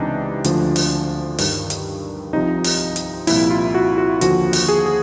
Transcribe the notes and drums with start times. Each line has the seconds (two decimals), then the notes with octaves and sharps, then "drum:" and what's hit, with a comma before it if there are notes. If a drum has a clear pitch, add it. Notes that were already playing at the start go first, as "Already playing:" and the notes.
Already playing: C#2 C3 E3 D4 D#4
0.44 D2 D3 F3, drum: hi-hat
0.76 drum: open hi-hat
1.38 G2 D#3, drum: open hi-hat
1.70 drum: hi-hat
2.32 C2 C3 F3 D#4
2.64 drum: open hi-hat
2.96 drum: hi-hat
3.27 C2 A#2 F3 E4, drum: open hi-hat
3.51 F4
3.75 F#4
3.98 F#4
4.21 D#2 D3 F3 F#4, drum: hi-hat
4.53 drum: open hi-hat
4.69 G#4
4.86 G#4